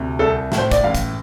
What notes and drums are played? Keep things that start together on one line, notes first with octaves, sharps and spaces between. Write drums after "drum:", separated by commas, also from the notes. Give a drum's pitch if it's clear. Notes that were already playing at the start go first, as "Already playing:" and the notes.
Already playing: D2 C3
C2 A4
A2, drum: snare
C5
D5, drum: kick, hi-hat
A1 F5
drum: kick, hi-hat